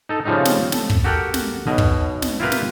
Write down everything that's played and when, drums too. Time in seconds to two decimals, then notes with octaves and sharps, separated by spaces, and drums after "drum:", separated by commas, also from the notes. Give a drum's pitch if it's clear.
0.09 D#4 A4
0.25 C#3 F3 G3 A3 D#4
0.45 drum: snare
0.72 A4, drum: snare
0.90 drum: kick
1.04 F#4 G4 A4 A#4 F#5 G5
1.34 drum: snare
1.67 B1 B2 D#5
1.78 drum: kick
2.22 drum: snare
2.40 E4 F4 G4 A#4 B4
2.52 drum: snare